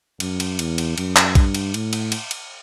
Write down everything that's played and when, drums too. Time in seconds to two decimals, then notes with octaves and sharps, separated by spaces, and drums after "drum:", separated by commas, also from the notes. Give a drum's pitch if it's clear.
0.20 F#2, drum: cymbal
0.40 drum: cymbal
0.59 E2, drum: cymbal
0.78 drum: cymbal
0.98 F#2, drum: cymbal
1.16 drum: clap
1.35 G2, drum: kick, cymbal
1.55 drum: cymbal
1.74 A2, drum: cymbal
1.93 drum: cymbal
2.12 drum: cymbal
2.31 drum: cymbal